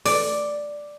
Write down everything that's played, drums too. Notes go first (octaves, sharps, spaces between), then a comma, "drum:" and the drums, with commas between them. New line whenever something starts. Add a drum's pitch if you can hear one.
D5, drum: open hi-hat